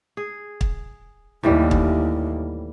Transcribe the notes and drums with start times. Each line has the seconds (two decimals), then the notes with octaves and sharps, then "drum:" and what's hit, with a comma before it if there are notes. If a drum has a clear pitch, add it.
0.17 G#4
0.61 drum: kick
1.43 D#2 A2 E3 G3
1.71 drum: kick